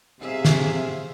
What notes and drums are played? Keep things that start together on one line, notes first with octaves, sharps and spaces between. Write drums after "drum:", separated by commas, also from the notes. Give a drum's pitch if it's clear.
C3 G#4 E5 F5
drum: snare